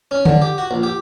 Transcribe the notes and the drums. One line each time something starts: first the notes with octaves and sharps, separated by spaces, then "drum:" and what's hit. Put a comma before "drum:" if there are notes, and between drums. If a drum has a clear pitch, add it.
C#4
D3, drum: tom D3
G4
F#4
A#1
G4